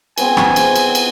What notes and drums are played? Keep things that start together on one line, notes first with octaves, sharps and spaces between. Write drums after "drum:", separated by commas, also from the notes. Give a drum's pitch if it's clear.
B3 C4 G#4 G#5, drum: cymbal
drum: rim click
drum: cymbal
drum: cymbal
drum: cymbal